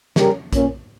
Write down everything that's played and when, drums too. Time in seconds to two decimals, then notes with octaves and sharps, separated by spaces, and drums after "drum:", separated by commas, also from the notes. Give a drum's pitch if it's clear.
0.16 C#3 G3 C#4 G4 A#4, drum: snare
0.53 A#2 A#3 C#4, drum: kick A#1, hi-hat